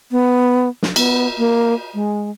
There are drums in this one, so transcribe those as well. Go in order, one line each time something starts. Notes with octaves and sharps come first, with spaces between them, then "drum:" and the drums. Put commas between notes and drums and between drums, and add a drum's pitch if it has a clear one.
B3
drum: snare
B3, drum: cymbal
A#3
G#3